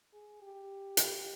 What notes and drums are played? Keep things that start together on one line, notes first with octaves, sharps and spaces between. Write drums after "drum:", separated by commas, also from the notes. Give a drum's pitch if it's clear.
G#4
G4
drum: hi-hat